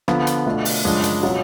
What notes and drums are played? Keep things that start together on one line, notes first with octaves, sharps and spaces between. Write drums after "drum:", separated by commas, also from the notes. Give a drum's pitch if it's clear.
D3 F3 B3 F4, drum: rim click
drum: hi-hat
B2 A3 D4 F4
drum: open hi-hat
F#2 C#3 F3 G#3 D4
drum: hi-hat
B2 F#3 C#4 F4